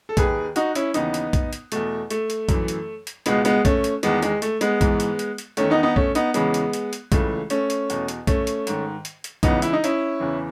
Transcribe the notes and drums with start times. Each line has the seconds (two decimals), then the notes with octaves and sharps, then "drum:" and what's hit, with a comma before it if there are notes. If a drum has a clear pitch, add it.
0.09 A4
0.17 D#2 D#3 G#4 B4, drum: kick, hi-hat
0.56 D#4 F#4, drum: hi-hat
0.75 C#4 E4, drum: hi-hat
0.94 D#2 C#3 E3 B3 D#4, drum: hi-hat
1.14 drum: hi-hat
1.33 drum: kick, hi-hat
1.53 drum: hi-hat
1.72 E2 B2 A3, drum: hi-hat
2.10 A3, drum: hi-hat
2.30 drum: hi-hat
2.49 F#2 E3, drum: kick, hi-hat
2.68 drum: hi-hat
3.07 drum: hi-hat
3.26 C#2 B2 G#3 B3, drum: hi-hat
3.45 G#3 B3, drum: hi-hat
3.65 A3 C#4, drum: kick, hi-hat
3.84 drum: hi-hat
4.03 E2 D#3 G#3 B3, drum: hi-hat
4.22 G#3, drum: hi-hat
4.42 A3, drum: hi-hat
4.61 G#3 B3, drum: hi-hat
4.81 G#2 E3, drum: kick, hi-hat
5.00 drum: hi-hat
5.19 drum: hi-hat
5.38 drum: hi-hat
5.57 E2 D#3 A3 C#4, drum: hi-hat
5.70 B3 D#4
5.83 B3 D#4
5.96 A3 C#4, drum: kick
6.15 B3 D#4, drum: hi-hat
6.34 E2 C#3 E3 G#3 B3, drum: hi-hat
6.54 drum: hi-hat
6.73 drum: hi-hat
6.93 drum: hi-hat
7.12 C#2 C#3 E3 A3, drum: kick, hi-hat
7.50 A3 C#4, drum: hi-hat
7.70 drum: hi-hat
7.90 E2 B2, drum: hi-hat
8.08 drum: hi-hat
8.27 A3 C#4, drum: kick, hi-hat
8.47 drum: hi-hat
8.67 G#2 D#3, drum: hi-hat
9.05 drum: hi-hat
9.24 drum: hi-hat
9.43 C#2 C#3 E3 B3 D#4, drum: kick, hi-hat
9.62 E4, drum: hi-hat
9.73 D#4
9.84 C#4 E4, drum: hi-hat
10.20 E2 C#3 E3